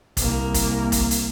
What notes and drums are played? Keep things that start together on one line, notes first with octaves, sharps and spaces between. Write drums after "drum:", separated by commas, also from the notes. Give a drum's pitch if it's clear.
C2 A#3, drum: kick, hi-hat
drum: kick, hi-hat
drum: kick, hi-hat
drum: hi-hat